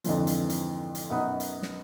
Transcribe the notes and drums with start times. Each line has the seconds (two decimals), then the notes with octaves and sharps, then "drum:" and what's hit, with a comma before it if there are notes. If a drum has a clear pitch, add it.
0.04 F2 G#2 D3 E3 F3, drum: hi-hat
0.27 drum: hi-hat
0.50 drum: hi-hat
0.95 drum: hi-hat
1.10 F#2 B2 D#4 F#5 B5 D#6
1.40 drum: hi-hat
1.62 drum: snare